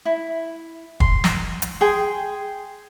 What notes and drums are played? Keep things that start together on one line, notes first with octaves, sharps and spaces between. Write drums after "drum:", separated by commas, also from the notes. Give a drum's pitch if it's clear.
E4
C6, drum: kick
drum: snare
drum: hi-hat
G#4 G5 C6